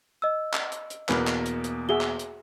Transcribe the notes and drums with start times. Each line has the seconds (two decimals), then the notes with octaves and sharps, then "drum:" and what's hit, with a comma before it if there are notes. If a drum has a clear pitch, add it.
0.22 D#5 E6
0.53 drum: clap
0.72 drum: hi-hat
0.90 drum: hi-hat
1.09 E2 B2 A#3 B4, drum: clap
1.27 drum: clap
1.46 drum: hi-hat
1.64 drum: hi-hat
1.89 F#4 G#4 E5 G7
2.01 drum: clap
2.19 drum: hi-hat